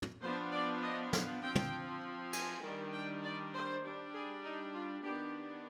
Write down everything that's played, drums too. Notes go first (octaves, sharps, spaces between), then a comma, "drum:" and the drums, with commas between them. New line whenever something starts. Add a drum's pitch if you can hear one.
drum: tom
F3 B3 D4 C5
D5
D#5
F5, drum: snare
F3 C4 G5
drum: tom
G#5, drum: cymbal
D#3 G3 D4
G5
D5
C5
G3 D4
G#4
D#4
F4
D#3 B3 D4 G4